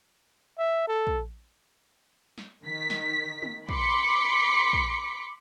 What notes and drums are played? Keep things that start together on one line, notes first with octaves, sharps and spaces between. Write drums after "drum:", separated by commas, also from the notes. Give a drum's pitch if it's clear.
E5
A4
drum: kick
drum: snare
D#3 B6
drum: snare
drum: tom
B5 C6 D6 B6 C#7, drum: kick
drum: kick